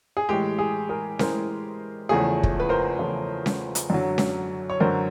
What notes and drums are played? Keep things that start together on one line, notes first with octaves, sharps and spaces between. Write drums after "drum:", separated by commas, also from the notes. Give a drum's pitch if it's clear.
G#4
A2 E3 G#3 G4
G#4
G#4 A#4
A2 E3 G#3 A#4 C5, drum: snare C#4
E2 C#3 F3 A3 G#4
drum: kick
B4
A#4 C5
E2 C#3 F3 A3
drum: snare C#4
drum: hi-hat
F#2 D3 F#3
drum: snare C#4
C#5
F#2 D3 F#3 A#4 C5